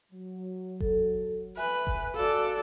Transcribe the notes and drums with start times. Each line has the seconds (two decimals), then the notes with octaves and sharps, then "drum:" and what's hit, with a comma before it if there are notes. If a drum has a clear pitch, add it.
0.12 F#3
0.80 A4, drum: kick F#1
1.57 B4 E5 G#5
1.87 drum: kick F#1
2.16 F#4 A4 D5 F5